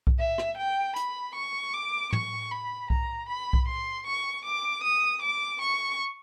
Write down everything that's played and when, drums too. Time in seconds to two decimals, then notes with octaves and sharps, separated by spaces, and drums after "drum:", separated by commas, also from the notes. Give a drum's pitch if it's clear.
0.07 drum: kick B1
0.19 E5
0.38 drum: rim click
0.57 G5
0.96 B5, drum: hi-hat
1.35 C#6
1.73 D6
2.13 C#6, drum: tom
2.51 B5
2.90 A#5, drum: kick B1
3.29 B5
3.53 drum: kick B1
3.68 C6
4.06 C#6
4.45 D6
4.83 D#6
5.22 D6
5.60 C#6